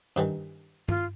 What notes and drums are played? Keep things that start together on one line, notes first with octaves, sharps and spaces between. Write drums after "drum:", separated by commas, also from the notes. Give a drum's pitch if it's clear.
G2 D#3 E3
F4, drum: tom G2